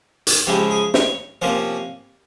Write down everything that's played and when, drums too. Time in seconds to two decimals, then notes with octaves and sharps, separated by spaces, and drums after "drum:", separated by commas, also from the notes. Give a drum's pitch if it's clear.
0.27 drum: hi-hat
0.47 C#3 F3 G#3 C#4 E4 G4
0.71 G#4
0.94 C#5, drum: snare
1.42 C3 F3 A#3 C#4 C5